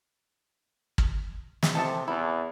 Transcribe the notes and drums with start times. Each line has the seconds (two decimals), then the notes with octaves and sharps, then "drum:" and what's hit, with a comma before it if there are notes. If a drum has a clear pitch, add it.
0.98 drum: kick
1.63 drum: snare
1.75 C3 A4 D#5 A5
2.08 E2 E4